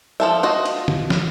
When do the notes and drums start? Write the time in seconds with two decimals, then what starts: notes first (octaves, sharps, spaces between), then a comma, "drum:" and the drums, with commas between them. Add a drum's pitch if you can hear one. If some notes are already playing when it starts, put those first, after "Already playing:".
0.20 F3 A4 E5
0.43 F4 F#4 D#5
0.66 drum: cymbal
0.88 drum: tom D3
1.10 drum: snare